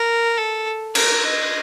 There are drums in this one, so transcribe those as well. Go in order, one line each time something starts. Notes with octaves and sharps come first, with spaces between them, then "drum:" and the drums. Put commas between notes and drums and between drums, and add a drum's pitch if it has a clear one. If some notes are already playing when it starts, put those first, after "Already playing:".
Already playing: A#4
A4
A#4, drum: cymbal
D#5